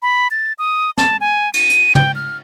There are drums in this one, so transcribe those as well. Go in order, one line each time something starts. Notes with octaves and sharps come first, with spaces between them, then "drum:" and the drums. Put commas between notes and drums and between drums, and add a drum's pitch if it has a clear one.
B5
A6
D#6
A5, drum: snare
G#5
D#7, drum: cymbal
drum: hi-hat
G5, drum: tom
F6